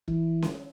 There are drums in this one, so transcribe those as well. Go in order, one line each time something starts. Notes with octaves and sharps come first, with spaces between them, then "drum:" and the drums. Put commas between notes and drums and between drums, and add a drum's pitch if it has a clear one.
E3, drum: kick E1
drum: snare C#4